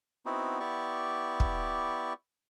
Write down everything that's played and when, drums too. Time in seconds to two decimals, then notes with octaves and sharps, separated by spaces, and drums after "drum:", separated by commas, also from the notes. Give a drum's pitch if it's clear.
0.26 B3 C4 D#4 E4 F#4
0.60 B3 E4 G4 D5 C#6
1.40 drum: kick